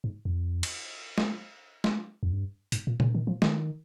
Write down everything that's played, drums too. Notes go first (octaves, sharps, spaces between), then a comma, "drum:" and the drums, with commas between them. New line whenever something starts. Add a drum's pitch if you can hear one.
G#2
F2
drum: cymbal
drum: snare
drum: snare
F2
G2
G#2, drum: hi-hat
A#2
C#3, drum: tom A#2
D#3
F3
D#3, drum: snare